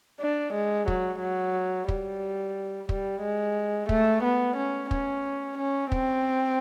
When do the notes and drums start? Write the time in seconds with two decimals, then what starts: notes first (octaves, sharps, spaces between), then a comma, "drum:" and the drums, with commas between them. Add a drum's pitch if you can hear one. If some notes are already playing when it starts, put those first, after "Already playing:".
0.20 D4
0.54 G#3
0.88 F#3, drum: kick
1.20 F#3
1.88 G3, drum: kick
2.89 G3, drum: kick
3.22 G#3
3.89 A3, drum: kick
4.23 B3
4.56 C#4
4.91 C#4, drum: kick
5.58 C#4
5.92 C4, drum: kick